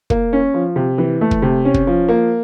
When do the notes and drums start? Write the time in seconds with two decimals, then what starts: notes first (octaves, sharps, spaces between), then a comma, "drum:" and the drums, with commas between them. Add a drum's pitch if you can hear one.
0.10 A#3, drum: kick
0.33 C#4
0.54 F3
0.76 C3
0.98 E3
1.21 A3
1.31 drum: kick
1.42 C3
1.65 C#4
1.74 drum: kick
1.87 F3
2.08 A#3